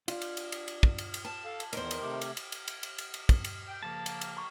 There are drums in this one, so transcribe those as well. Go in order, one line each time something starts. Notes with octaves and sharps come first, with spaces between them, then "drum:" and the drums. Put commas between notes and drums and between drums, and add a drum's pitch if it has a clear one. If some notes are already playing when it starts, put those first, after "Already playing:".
D4 F4, drum: cymbal
drum: cymbal
drum: cymbal
drum: cymbal
drum: cymbal
drum: kick
drum: cymbal
drum: cymbal
A5
A4 F5
drum: cymbal
E2 D#3 A#4 C5, drum: cymbal
drum: cymbal
C3 A3 G4
drum: cymbal
drum: cymbal
drum: cymbal
drum: cymbal
drum: cymbal
drum: cymbal
drum: cymbal
drum: kick, cymbal
drum: cymbal
G5
C#3 F3 A#3 A5
drum: cymbal
drum: cymbal
A#5 C#6